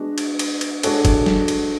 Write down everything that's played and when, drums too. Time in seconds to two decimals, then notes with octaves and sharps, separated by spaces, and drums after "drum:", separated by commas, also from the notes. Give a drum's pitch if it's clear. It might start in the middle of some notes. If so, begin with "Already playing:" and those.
Already playing: G#3 B3 D4 F#4
0.18 drum: cymbal
0.39 drum: cymbal
0.61 drum: cymbal
0.83 G#3 D4 F#4 A4 C#5, drum: cymbal
1.05 drum: kick, cymbal
1.26 drum: snare
1.48 drum: cymbal